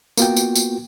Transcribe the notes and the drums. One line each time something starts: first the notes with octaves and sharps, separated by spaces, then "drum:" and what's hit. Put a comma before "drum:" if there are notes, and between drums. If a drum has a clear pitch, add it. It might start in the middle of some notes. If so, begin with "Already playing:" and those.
A#3 B3 F4 F#4 G5, drum: tambourine
drum: tambourine
drum: tambourine